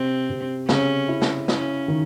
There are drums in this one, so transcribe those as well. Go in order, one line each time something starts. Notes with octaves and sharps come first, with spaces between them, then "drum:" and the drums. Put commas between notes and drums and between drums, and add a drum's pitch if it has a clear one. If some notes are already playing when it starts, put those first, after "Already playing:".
Already playing: C3 C4
C3
C#3 C#4, drum: snare
E4
drum: snare
C#4 E4, drum: snare
D#3